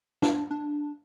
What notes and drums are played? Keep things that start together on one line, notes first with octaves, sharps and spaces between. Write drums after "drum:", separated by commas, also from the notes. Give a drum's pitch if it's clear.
D4, drum: snare
D4